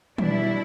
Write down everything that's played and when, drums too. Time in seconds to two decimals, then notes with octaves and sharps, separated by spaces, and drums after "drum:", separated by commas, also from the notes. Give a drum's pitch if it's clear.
0.18 B2 G3 D4 E4, drum: tom